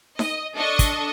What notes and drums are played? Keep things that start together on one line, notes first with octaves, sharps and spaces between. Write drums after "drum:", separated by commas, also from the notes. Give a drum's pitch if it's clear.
D#5, drum: snare D#4
D4 A4 D#5 C#6
drum: kick, hi-hat